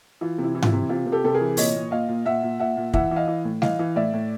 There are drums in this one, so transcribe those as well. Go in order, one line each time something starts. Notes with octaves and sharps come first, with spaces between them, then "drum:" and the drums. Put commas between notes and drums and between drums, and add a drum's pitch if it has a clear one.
E3 F4
C3
E4
E3
F4, drum: tom G#2
E4
C3
C3 F4
C3
G4 A4
C3 A4
G#4 A#4
E3
A#2 C#5 D#5, drum: open hi-hat
A#2
A#2 D#5 F5
A#2
A#2 E5 F#5
A#2
A#2 E5 F#5
A#2
E3 E5 F#5, drum: kick
E3
D#5 F5
E3
A2
E3 D#5 F5, drum: snare G3
E3
A2 D5 E5
A2